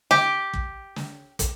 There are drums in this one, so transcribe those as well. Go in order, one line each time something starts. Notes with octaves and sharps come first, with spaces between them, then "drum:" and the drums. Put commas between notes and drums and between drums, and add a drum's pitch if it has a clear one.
G4, drum: snare
drum: kick
drum: snare
drum: kick, hi-hat